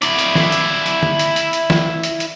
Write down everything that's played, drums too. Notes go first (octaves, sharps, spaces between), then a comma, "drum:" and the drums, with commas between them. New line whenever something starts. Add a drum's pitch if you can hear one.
E4 D5, drum: hi-hat
drum: hi-hat
drum: snare
drum: hi-hat
drum: hi-hat
drum: tom D3
drum: hi-hat
drum: hi-hat
drum: hi-hat
drum: snare
drum: hi-hat
drum: hi-hat